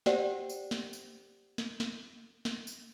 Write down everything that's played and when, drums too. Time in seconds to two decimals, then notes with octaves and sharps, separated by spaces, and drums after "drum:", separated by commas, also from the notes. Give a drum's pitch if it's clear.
0.06 G4 C5 D5 F#5 G5, drum: snare
0.50 drum: tambourine
0.71 drum: snare
0.93 drum: tambourine
1.58 drum: snare
1.80 drum: snare
2.45 drum: snare
2.67 drum: tambourine